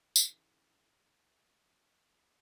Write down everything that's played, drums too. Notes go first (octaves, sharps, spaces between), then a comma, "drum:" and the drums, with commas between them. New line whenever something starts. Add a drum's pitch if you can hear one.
C#3 E3 D#4 E4 G#4 A#4, drum: tambourine